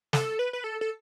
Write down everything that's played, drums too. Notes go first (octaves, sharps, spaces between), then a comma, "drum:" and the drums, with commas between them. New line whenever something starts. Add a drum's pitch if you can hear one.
A4, drum: snare
B4
B4
A4
A4